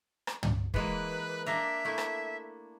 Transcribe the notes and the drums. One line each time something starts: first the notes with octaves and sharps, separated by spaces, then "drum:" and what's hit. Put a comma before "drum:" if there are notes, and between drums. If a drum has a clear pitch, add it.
drum: rim click
drum: tom
E3 G#3 A#3 B4, drum: kick
A#3 D4 A#4 E5
A3 A#3 E4
drum: rim click